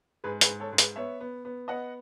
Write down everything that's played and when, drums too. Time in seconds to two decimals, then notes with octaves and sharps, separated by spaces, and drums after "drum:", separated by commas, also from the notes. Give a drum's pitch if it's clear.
0.24 G#2 G#4 B4
0.41 G#4 B4, drum: hi-hat
0.48 G#2
0.60 A4 C#5
0.72 G#2
0.78 G#4 B4, drum: hi-hat
0.96 B3 C#5 E5
1.20 B3
1.45 B3
1.68 B3 D#5 F#5